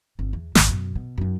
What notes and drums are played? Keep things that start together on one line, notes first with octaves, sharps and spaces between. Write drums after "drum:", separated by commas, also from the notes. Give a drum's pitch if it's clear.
G1 C4
E2 E3
G#1 E2, drum: snare
F#2 B2
B2
F#2 D#4